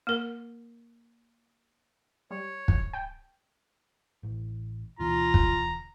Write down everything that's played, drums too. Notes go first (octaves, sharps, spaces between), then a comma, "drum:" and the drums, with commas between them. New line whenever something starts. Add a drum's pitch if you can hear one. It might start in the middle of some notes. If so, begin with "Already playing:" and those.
A#3 A#4
G3 C#5
drum: kick
G5
A1
D2 B2 E3 F4 A#5
drum: kick